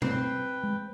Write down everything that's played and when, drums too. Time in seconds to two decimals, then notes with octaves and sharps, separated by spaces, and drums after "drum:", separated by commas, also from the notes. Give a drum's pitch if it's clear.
0.02 C4 B4 G5, drum: tom
0.63 G#3